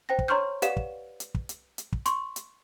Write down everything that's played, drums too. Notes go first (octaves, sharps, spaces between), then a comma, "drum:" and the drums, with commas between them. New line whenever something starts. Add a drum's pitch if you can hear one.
C5 G5 A#6
drum: kick
C#5 A#5 C6 C#6 F6 G6
G4 B4 D5 F5 F#5 E7, drum: hi-hat
drum: kick
drum: hi-hat
drum: kick
drum: hi-hat
drum: hi-hat
drum: kick
C6 C#6, drum: hi-hat
drum: hi-hat